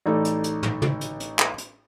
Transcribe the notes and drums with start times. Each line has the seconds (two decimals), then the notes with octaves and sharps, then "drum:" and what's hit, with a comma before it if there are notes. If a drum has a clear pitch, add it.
0.06 A1 D#4 A4 D5
0.25 drum: hi-hat
0.44 drum: hi-hat
0.63 drum: tom
0.82 drum: tom
1.01 drum: hi-hat
1.20 drum: hi-hat
1.39 drum: clap
1.58 drum: hi-hat